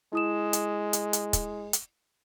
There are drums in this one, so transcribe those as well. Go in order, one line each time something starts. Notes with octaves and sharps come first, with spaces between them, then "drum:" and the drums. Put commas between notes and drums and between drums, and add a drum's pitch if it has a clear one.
G#3 E4 D#6 E7
drum: hi-hat
drum: hi-hat
drum: hi-hat
drum: kick, hi-hat
drum: hi-hat